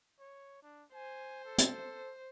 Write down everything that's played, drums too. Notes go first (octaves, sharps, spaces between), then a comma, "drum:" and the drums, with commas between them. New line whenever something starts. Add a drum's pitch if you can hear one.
C#5
D4
C5 G#5
A4
drum: hi-hat